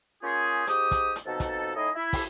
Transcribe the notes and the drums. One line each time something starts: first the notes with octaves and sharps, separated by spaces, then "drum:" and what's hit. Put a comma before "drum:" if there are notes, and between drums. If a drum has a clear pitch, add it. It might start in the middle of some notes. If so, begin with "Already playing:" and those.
A#3 C#4 F4 G4 G#4
G#2 G4 D#6, drum: hi-hat
drum: kick, hi-hat
drum: hi-hat
F2 B2 D#4 A4
drum: kick, hi-hat
A2 D#4 E4 G#4 D#5
E4
drum: kick, open hi-hat